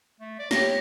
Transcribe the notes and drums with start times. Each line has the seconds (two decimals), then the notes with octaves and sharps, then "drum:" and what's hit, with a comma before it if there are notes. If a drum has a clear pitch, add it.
0.20 A3
0.39 D5
0.51 G4 C#5 A#6, drum: snare